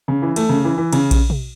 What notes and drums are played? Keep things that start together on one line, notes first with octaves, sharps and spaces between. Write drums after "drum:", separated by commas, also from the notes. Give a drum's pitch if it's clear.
C#3
E3
A3, drum: cymbal
C#3
E3
E3
C#3, drum: cymbal
drum: kick A#1, cymbal
drum: tom B2